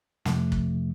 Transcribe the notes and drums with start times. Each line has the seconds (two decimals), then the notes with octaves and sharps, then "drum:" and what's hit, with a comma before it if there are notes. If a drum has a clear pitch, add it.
0.25 F2 C3 F3 A3, drum: snare
0.52 drum: kick